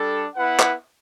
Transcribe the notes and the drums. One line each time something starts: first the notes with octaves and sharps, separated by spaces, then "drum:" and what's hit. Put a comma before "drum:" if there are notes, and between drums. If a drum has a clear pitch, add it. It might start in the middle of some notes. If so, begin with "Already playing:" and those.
Already playing: G3 D4 A4
B3 E4 B4 F#5
drum: clap